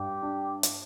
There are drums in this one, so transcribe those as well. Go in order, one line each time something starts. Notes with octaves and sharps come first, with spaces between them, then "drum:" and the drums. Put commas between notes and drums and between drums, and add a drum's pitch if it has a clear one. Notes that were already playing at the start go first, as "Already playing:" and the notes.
Already playing: G2 G4
D4
drum: hi-hat